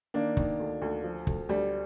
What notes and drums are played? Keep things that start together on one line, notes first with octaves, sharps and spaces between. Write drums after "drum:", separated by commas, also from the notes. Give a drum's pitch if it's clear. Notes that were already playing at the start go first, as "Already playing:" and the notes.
D#3 A#3 D4
D#3, drum: kick
D2
D2
F3
D2, drum: kick
D2 G3